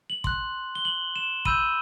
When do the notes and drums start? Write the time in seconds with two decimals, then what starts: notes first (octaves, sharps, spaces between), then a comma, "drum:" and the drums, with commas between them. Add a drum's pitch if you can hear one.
0.10 F#7
0.24 C6 F#6, drum: kick
0.75 G7
0.85 F#7
1.16 E7
1.45 B5 E6 G6 D#7, drum: kick